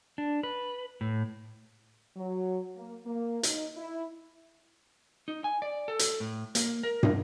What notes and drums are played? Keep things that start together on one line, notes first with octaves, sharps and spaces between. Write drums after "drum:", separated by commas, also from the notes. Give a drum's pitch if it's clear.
D4
B4
A2
F#3
A#3
A#3
D#4, drum: hi-hat
E4
D#4
G#5
D5
A4
drum: hi-hat
A2
A#3, drum: hi-hat
A#4
drum: tom